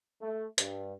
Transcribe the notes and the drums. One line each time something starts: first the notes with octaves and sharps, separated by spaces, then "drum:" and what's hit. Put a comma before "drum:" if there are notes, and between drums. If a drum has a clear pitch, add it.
A3
G2, drum: hi-hat